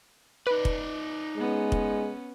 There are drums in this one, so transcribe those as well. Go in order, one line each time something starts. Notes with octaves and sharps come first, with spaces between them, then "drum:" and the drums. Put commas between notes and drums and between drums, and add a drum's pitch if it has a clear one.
D#4 B4 D5
drum: kick
G#3 B3 C#4
drum: kick